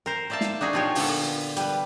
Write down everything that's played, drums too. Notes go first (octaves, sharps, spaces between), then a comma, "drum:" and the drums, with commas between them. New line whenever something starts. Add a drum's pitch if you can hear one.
A#4 C5 A#5
C5 D5 E5 F5 A5
drum: snare
D4 D#4 F#4 G#4
A#2 F3 F4 G4 C#5
A#2 D3 B3 A4, drum: open hi-hat
G3 B4, drum: hi-hat